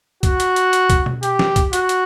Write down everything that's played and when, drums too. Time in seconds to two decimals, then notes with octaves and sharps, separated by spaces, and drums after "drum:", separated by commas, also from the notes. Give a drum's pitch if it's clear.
0.23 F#4, drum: kick C2, hi-hat
0.40 drum: hi-hat
0.56 drum: hi-hat
0.73 drum: hi-hat
0.90 drum: kick C2, hi-hat
1.06 drum: tom B2
1.23 G4, drum: hi-hat
1.39 drum: snare
1.56 drum: kick C2, hi-hat
1.73 F#4, drum: hi-hat
1.89 drum: hi-hat